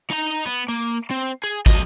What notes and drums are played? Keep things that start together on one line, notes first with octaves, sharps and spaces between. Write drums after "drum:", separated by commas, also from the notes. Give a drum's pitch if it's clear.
D#4 A#5
B3
A#3
drum: tambourine
C4
G#4
F#3 D#5, drum: kick, tambourine